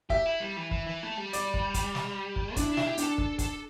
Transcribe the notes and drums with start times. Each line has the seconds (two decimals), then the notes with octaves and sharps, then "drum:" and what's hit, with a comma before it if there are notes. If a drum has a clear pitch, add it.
0.10 G4 E5, drum: kick
0.26 E4
0.40 G3
0.57 E3
0.71 E3, drum: kick
0.86 E3
1.03 A3
1.17 G3
1.33 D5, drum: hi-hat
1.54 drum: kick
1.74 drum: kick, hi-hat
1.95 drum: snare
2.36 drum: kick
2.56 D4 E4, drum: kick, hi-hat
2.71 D4
2.77 E4, drum: snare
2.87 G4
2.97 D4 A4, drum: hi-hat
3.18 A4, drum: kick
3.39 A4, drum: kick, hi-hat